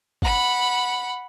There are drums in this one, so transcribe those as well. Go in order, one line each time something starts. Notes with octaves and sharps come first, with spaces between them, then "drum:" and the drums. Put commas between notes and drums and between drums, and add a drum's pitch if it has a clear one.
F#5 B5, drum: kick